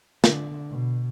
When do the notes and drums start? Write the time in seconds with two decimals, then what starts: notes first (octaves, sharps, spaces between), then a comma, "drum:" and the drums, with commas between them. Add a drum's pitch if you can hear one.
0.24 D3, drum: snare
0.70 B2